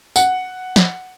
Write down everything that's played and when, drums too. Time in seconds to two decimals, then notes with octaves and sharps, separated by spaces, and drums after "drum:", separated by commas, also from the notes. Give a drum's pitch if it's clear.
0.16 F#5, drum: tambourine
0.76 drum: snare